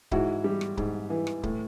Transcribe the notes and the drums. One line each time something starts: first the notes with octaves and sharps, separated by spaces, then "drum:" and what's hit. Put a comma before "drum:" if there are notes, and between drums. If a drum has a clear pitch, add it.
G#2 E4 F#4, drum: kick C#1
G3
drum: rim click
G#2, drum: kick C#1
E3
drum: rim click
A2, drum: kick C#1